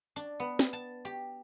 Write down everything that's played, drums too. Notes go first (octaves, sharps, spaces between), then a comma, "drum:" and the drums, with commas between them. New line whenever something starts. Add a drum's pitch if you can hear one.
D4
B3
drum: snare
A5
G4